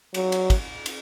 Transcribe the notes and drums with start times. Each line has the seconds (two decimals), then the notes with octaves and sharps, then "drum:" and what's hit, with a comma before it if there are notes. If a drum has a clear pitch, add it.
0.14 F#3, drum: cymbal
0.32 drum: cymbal
0.50 drum: kick, cymbal
0.86 drum: cymbal